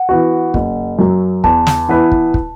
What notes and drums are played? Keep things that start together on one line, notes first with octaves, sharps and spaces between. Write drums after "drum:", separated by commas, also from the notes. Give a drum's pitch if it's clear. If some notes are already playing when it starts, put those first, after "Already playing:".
Already playing: F#5
E3 B3 F#4
F#1, drum: kick
F#2 F#3
E2 A5, drum: kick
drum: snare
E3 B3 E4 B4
drum: kick
drum: kick